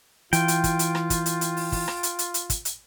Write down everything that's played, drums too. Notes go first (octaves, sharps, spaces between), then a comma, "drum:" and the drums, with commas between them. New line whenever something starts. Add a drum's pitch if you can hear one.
E3 F4 G5, drum: hi-hat
drum: hi-hat
drum: kick, hi-hat
drum: hi-hat
drum: rim click
drum: kick, hi-hat
drum: hi-hat
drum: hi-hat
drum: open hi-hat
drum: kick, open hi-hat
drum: rim click
drum: hi-hat
drum: hi-hat
drum: hi-hat
drum: kick, hi-hat
drum: hi-hat